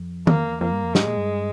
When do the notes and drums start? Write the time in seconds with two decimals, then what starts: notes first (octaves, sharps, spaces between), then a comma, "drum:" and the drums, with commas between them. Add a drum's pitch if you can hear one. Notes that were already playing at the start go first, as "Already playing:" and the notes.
Already playing: F2
0.27 E2 A#3, drum: tom D#3
0.39 F2
0.49 E2
0.61 F2 A#3
0.72 G2
0.84 F2
0.95 G#2 G#3, drum: snare
1.07 A#2
1.17 G2